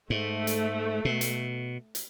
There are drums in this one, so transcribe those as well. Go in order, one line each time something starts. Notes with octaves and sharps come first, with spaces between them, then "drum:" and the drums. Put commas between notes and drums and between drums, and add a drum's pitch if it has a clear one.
G#2 A3
drum: hi-hat
B2
drum: hi-hat
drum: hi-hat